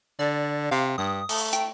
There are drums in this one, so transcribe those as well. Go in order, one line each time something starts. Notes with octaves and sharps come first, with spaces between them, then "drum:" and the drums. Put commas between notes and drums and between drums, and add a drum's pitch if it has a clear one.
D3 D5
C3 F5
G2 D#6
A3, drum: open hi-hat
G5, drum: hi-hat